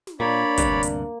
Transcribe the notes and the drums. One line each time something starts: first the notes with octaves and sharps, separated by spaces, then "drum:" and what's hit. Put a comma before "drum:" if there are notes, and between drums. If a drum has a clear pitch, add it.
drum: snare
A#2 A#3 D4 C#5 D5 B5
D2 G2 C3, drum: kick, hi-hat
drum: hi-hat